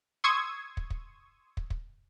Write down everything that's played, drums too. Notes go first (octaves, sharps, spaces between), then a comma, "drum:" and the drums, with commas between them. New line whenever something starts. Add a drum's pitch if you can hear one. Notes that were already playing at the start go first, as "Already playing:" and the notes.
C6 C#6 D#6 E6 G#6
drum: kick
drum: kick
drum: kick
drum: kick